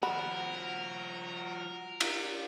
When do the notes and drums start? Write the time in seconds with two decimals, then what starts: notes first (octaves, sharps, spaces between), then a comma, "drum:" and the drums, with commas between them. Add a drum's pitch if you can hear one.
0.03 F3 F#4 A#4 F#5 B5
2.00 drum: cymbal